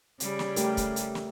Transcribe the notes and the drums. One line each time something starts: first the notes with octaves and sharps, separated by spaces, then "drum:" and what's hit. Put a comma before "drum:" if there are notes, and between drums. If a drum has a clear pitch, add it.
C#3 G3, drum: hi-hat
drum: snare
A3 G4 A#4, drum: hi-hat
drum: kick, hi-hat
drum: hi-hat
drum: snare